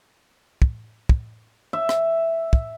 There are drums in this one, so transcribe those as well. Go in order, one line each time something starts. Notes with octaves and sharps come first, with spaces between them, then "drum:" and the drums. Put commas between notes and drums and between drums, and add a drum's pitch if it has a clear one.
drum: kick
drum: kick
E5
drum: rim click
drum: kick